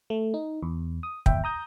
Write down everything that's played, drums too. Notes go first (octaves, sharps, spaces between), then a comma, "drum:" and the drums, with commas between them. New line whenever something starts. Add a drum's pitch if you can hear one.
A3
D#4
E2
D#6
G1 D#2 E5 G5, drum: kick
A#5 D#6 G6